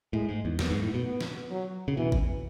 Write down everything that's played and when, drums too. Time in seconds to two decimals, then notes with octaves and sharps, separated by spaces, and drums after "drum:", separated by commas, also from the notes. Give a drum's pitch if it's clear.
0.13 A2 G#3
0.29 G#2
0.45 E2
0.59 F#2 B3, drum: snare
0.71 G#2
0.82 A2
0.94 B2
1.05 B3
1.21 drum: snare
1.51 F#3
1.88 C#3
1.96 B2 E3
2.12 drum: kick G#1